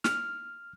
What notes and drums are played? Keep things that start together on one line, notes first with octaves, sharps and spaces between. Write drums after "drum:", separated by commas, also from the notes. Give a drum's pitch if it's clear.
F6, drum: snare